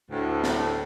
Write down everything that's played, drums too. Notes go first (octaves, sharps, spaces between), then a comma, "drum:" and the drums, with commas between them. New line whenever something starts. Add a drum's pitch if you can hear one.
D2 A2
drum: snare